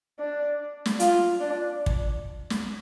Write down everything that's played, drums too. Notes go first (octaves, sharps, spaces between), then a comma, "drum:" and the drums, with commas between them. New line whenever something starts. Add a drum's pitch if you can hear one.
D4
drum: snare
F4, drum: hi-hat
D4
drum: kick
drum: snare